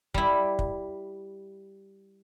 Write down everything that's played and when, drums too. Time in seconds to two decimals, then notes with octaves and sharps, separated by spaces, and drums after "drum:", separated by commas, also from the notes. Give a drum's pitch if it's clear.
0.14 G3 E4, drum: kick
0.59 drum: kick